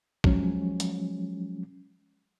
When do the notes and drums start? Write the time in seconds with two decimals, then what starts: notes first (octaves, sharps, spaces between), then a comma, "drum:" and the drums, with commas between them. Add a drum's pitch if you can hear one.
0.24 F3 F#3 G#3 C#4, drum: kick
0.80 drum: hi-hat